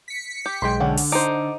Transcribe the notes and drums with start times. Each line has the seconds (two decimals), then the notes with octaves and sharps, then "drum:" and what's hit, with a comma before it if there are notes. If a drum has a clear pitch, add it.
0.08 B6 C#7
0.46 G4
0.62 B1 G#3 G5 C6
0.80 D3 C#4 F#5
0.97 drum: open hi-hat
1.12 D#4 C5 D6